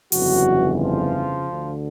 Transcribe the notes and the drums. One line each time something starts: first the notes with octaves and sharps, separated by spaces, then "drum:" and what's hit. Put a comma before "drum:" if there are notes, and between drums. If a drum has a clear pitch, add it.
G1 F2 C#3 E3 F#3 F#4, drum: open hi-hat
F3 F4
D2 D3